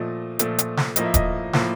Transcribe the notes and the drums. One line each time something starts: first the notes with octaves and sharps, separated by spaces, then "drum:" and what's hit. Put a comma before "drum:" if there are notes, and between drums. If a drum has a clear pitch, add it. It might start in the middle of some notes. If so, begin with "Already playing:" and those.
Already playing: A#2 F3 A3 D#5
A#2 F3 A3, drum: hi-hat
drum: hi-hat
drum: snare
A2 F3 A#3 D#5, drum: hi-hat
E5
D#5, drum: kick D#1, hi-hat
A2 F3 A#3, drum: snare